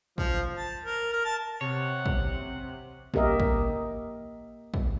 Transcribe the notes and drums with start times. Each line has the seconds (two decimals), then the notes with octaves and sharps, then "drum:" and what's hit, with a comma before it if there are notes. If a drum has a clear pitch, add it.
0.18 F3, drum: kick
0.55 A5
0.84 A#4
1.13 A#4
1.25 A5
1.61 C3 C#5 F#5
2.06 drum: kick
3.14 A#3 G4 A#4 D#5 E5, drum: kick
3.40 drum: kick
4.74 drum: kick